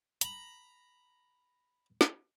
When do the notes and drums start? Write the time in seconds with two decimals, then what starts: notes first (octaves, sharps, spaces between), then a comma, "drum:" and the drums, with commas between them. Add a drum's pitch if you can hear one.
0.21 A#5 B5, drum: hi-hat
2.01 drum: snare